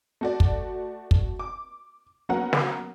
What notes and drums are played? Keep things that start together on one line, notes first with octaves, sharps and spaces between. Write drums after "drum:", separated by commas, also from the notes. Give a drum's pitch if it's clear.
A3 F#4 D5
drum: kick
drum: kick
D6
F#3 A#3 B3 C#4 A#4 F#5
drum: snare